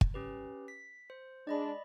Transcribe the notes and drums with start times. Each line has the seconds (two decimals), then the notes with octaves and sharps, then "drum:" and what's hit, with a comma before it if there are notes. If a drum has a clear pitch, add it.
0.01 drum: kick
0.14 C#4 G4 B4
0.68 B6
1.10 C5
1.47 G#3 D4 D5 D#5 B5